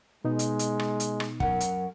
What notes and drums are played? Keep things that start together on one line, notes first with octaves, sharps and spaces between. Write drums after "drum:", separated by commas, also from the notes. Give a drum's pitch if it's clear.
B2 G#3 B3 D#4
drum: hi-hat
drum: hi-hat
drum: rim click
drum: hi-hat
drum: rim click
F#2 A#4 F#5, drum: kick
drum: hi-hat